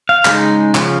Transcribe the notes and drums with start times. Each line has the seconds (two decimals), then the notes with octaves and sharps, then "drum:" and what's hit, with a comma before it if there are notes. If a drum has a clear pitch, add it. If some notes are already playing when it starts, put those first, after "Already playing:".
0.09 F5
0.25 C#3 G#3 D#4, drum: clap
0.75 C#3 F3, drum: clap